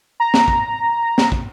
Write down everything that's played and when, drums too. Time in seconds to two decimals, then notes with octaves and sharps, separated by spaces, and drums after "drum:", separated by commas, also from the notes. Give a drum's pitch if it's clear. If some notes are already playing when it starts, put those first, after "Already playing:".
0.20 A#5
0.34 drum: snare
0.48 drum: kick
1.18 drum: snare
1.32 drum: kick